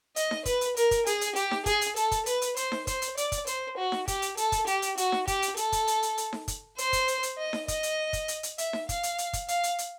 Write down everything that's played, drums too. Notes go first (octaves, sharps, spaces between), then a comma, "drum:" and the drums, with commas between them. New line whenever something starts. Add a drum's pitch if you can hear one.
D#5, drum: hi-hat
drum: snare D#4
B4, drum: kick, hi-hat
drum: hi-hat
A#4, drum: hi-hat
drum: kick, hi-hat
G#4, drum: hi-hat
drum: hi-hat
G4, drum: hi-hat
drum: snare D#4
G#4, drum: kick, hi-hat
drum: hi-hat
A4, drum: hi-hat
drum: kick, hi-hat
B4, drum: hi-hat
drum: hi-hat
C5, drum: hi-hat
drum: snare D#4
C5, drum: kick, hi-hat
drum: hi-hat
D5, drum: hi-hat
drum: kick, hi-hat
C5, drum: hi-hat
F#4
drum: snare D#4
G4, drum: kick, hi-hat
drum: hi-hat
A4, drum: hi-hat
drum: kick, hi-hat
G4, drum: hi-hat
drum: hi-hat
F#4, drum: hi-hat
drum: snare D#4
G4, drum: kick, hi-hat
drum: hi-hat
A4, drum: hi-hat
drum: kick, hi-hat
drum: hi-hat
drum: hi-hat
drum: hi-hat
drum: snare D#4
drum: kick, hi-hat
C5, drum: hi-hat
drum: kick, hi-hat
drum: hi-hat
drum: hi-hat
D#5
drum: snare D#4
D#5, drum: kick, hi-hat
drum: hi-hat
drum: kick, hi-hat
drum: hi-hat
drum: hi-hat
E5, drum: hi-hat
drum: snare D#4
F5, drum: kick, hi-hat
drum: hi-hat
drum: hi-hat
drum: kick, hi-hat
F5, drum: hi-hat
drum: hi-hat
drum: hi-hat